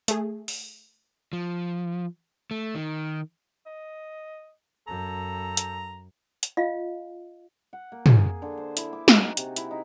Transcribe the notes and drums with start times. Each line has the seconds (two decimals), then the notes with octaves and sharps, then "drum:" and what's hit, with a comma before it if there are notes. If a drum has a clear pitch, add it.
0.08 A3 G#4, drum: hi-hat
0.48 drum: open hi-hat
1.33 F3
2.51 A3
2.75 D#3
3.66 D#5
4.88 F#2 A4 A#5
5.57 drum: hi-hat
6.43 drum: hi-hat
6.57 F4 D#5 F5
7.73 F#5
7.92 A#3
8.06 G#4, drum: tom
8.42 D3
8.57 C5
8.77 E4, drum: hi-hat
8.93 D6
9.08 D#4, drum: snare
9.24 F#4
9.37 C3, drum: hi-hat
9.56 E4, drum: hi-hat
9.71 D#4